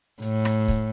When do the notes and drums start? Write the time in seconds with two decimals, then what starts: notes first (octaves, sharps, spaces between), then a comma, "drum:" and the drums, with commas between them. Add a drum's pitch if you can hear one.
0.22 A2, drum: hi-hat
0.45 drum: rim click
0.68 drum: kick, hi-hat